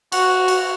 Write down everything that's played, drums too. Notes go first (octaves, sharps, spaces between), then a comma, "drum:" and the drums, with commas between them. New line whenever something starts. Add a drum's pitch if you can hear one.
F#4, drum: cymbal
drum: cymbal